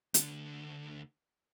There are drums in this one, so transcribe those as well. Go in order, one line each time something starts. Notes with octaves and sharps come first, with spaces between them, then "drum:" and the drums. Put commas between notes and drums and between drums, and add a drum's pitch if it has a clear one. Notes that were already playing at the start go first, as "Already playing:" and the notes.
D2 D3, drum: hi-hat